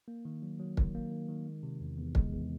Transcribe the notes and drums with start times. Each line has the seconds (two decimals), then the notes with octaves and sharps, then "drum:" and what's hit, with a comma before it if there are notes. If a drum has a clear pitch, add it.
0.08 A#3
0.25 D#3
0.42 F#3
0.60 F#3
0.77 D#3, drum: kick
0.95 A#3
1.11 D#3
1.29 D#3
1.46 G#3
1.63 C3
1.81 E2
1.98 E2
2.15 G#3, drum: kick
2.33 E2